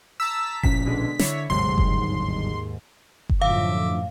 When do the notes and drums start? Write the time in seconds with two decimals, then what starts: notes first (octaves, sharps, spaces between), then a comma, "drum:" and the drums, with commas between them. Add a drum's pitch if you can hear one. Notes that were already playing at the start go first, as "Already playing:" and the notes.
0.20 A5 A#5 E6 B6
0.63 A#1 A#2 C#4 B6, drum: kick F#1
0.85 B2 D3 G#3
1.19 D3 E4 C#5, drum: snare
1.50 G1 D#2 G#2 C3 F#3 C6
1.78 drum: kick F#1
3.29 drum: kick F#1
3.42 F#2 A2 D3 F3 E5 F5 D6